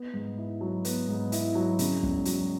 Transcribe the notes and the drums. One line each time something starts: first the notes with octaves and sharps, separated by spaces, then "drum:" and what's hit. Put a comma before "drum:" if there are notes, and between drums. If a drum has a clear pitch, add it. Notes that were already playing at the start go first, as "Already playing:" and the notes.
Already playing: B3
G#2
E4
F#3
B3, drum: hi-hat
G#2
E4, drum: hi-hat
F#3
C#3, drum: hi-hat
E1, drum: kick
F#3, drum: hi-hat